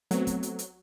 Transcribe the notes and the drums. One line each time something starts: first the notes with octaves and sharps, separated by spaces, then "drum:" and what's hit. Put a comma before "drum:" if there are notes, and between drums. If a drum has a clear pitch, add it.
F#3 A3 B3 C4, drum: hi-hat
drum: kick, hi-hat
drum: hi-hat
drum: hi-hat